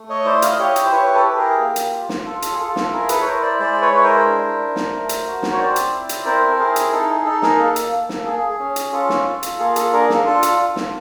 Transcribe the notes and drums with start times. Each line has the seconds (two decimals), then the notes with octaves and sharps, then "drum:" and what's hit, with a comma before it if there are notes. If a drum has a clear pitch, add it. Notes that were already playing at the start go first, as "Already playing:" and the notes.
Already playing: A3
0.09 C#5 D#5
0.25 E4 C5 D5
0.42 D#5 F5, drum: hi-hat
0.59 G4 C#5 D#5
0.76 drum: hi-hat
0.85 C5
0.92 E4 B4 C#5
1.14 A4 B4
1.26 G4
1.37 G#4 A#4
1.59 A#3
1.76 drum: hi-hat
1.93 F4
2.09 drum: snare
2.25 F4 A4
2.42 A4, drum: hi-hat
2.53 G#4
2.59 F4 A4
2.76 A4, drum: snare
2.92 E4 G#4 A#4
3.09 A4 B4, drum: hi-hat
3.21 C#5
3.25 E4 A#4 C5
3.42 C5 D5
3.59 G#3 C5 D5
3.81 B4 C#5
3.93 E4 C#5
4.03 A#4 C5
4.26 D4
4.59 D4
4.76 drum: snare
4.93 A3
5.09 drum: hi-hat
5.26 F#4
5.43 drum: snare
5.53 C#5
5.59 C4 C5 D5
5.76 drum: hi-hat
5.92 E4
6.09 drum: hi-hat
6.25 C4 A#4 C5
6.50 A4
6.59 E4 G#4 A#4
6.76 drum: hi-hat
6.92 D#4 A4
7.10 G#4
7.25 D#4 A4
7.42 G#4 A#4, drum: snare
7.59 A#3 A4
7.76 drum: hi-hat
7.92 A#3
8.09 drum: snare
8.26 G#4
8.50 G#4
8.59 C#4
8.76 drum: hi-hat
8.92 F4 A4
9.09 drum: snare
9.26 F4
9.43 drum: hi-hat
9.59 A#3 G#4
9.76 A4, drum: hi-hat
9.92 D4 G#4 A#4
10.10 A4, drum: snare
10.25 F4 A4
10.43 drum: hi-hat
10.60 F4
10.76 drum: snare